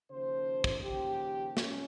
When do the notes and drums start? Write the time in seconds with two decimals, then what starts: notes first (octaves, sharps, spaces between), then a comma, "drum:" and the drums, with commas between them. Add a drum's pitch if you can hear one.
0.10 D#2 C#3 F3 C5
0.64 drum: kick
0.83 D#2 C#3 F3 G4
1.57 C2 C#4, drum: snare